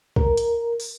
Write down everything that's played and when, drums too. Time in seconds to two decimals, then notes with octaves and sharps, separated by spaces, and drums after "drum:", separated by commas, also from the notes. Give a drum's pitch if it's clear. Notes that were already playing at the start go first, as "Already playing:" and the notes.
0.16 A#4, drum: kick
0.37 drum: hi-hat
0.80 drum: open hi-hat